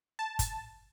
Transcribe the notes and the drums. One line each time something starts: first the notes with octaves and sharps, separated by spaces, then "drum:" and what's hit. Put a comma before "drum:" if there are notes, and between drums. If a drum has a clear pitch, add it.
A5
drum: kick, hi-hat